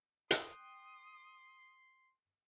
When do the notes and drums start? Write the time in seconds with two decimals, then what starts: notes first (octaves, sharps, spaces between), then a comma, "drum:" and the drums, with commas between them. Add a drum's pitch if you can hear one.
0.31 G5 C6 D#6 E6 F#6, drum: hi-hat